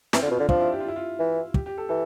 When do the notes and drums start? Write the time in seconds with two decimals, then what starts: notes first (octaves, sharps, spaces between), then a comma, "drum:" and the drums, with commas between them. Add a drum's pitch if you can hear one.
0.13 E3 C4, drum: snare
0.22 D3
0.25 F4
0.31 B2
0.37 F4
0.40 D3
0.49 F3 D4, drum: kick
0.60 E4
0.72 G4
0.80 F4
0.88 E4
0.96 F4
1.19 E3
1.54 G4, drum: kick
1.66 G4
1.78 A4
1.89 E3 A4